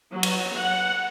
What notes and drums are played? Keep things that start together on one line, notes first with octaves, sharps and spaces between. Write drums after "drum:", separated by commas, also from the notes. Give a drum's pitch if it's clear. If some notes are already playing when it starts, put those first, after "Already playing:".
F#3
drum: cymbal
F#5